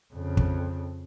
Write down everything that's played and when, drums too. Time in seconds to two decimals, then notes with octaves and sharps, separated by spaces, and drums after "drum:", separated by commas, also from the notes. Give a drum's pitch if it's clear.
0.14 F2 C#3
0.37 drum: kick